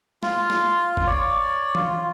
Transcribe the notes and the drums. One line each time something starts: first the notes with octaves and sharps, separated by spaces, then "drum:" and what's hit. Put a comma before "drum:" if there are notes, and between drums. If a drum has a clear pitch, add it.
F4, drum: snare
drum: snare
drum: kick G1
C#5 D5
F4, drum: tom E3